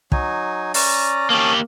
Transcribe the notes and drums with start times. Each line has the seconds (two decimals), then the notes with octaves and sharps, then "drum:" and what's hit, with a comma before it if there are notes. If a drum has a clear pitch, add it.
0.12 F#3 D#4 G#5, drum: kick
0.74 C#4 D5 A#5, drum: open hi-hat
1.30 A#3 C#4 G4 A5 D#6